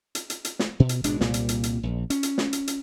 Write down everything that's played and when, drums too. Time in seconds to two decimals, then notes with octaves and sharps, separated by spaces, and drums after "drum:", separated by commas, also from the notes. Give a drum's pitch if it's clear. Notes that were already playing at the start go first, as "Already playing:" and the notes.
0.15 drum: hi-hat
0.30 drum: hi-hat
0.45 drum: hi-hat
0.59 drum: snare
0.80 B2
0.89 drum: hi-hat
1.04 G#1 B2 G#3 D4, drum: hi-hat
1.21 C2 A#2 G3, drum: snare
1.34 drum: hi-hat
1.49 drum: hi-hat
1.63 drum: hi-hat
1.83 A#1
2.10 C#4, drum: hi-hat
2.23 drum: hi-hat
2.38 drum: snare
2.53 drum: hi-hat
2.68 drum: hi-hat